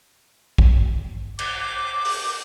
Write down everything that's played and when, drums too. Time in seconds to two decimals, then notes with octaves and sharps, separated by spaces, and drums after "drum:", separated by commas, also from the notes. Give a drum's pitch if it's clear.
0.58 drum: kick
1.39 D6, drum: cymbal
2.05 drum: open hi-hat